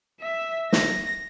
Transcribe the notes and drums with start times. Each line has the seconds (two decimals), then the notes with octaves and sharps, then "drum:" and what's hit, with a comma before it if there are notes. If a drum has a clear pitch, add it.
0.21 E5
0.73 A#6, drum: snare